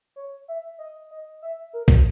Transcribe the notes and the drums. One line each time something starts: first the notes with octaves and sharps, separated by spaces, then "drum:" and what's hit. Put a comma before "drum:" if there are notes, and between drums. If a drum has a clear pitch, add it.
C#5
E5
D#5
D#5
E5
A#4
drum: kick B1